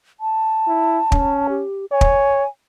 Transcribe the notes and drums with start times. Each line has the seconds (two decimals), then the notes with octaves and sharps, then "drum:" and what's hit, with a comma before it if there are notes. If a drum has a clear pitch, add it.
0.20 A5
0.67 E4
1.12 C#4, drum: kick
1.50 G4
1.92 C#5 G#5
2.01 drum: kick